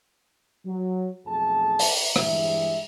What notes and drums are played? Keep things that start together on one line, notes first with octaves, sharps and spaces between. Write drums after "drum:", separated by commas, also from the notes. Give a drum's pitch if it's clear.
F#3
B1 F2 F3 A3 G#4 A5
drum: open hi-hat
G2 E3 G3 G#3 G#4 E5, drum: rim click